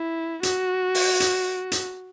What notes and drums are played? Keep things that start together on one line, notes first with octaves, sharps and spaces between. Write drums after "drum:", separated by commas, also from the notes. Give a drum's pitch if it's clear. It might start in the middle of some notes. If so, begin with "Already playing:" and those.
Already playing: E4
F#4, drum: hi-hat
drum: open hi-hat
drum: hi-hat
drum: hi-hat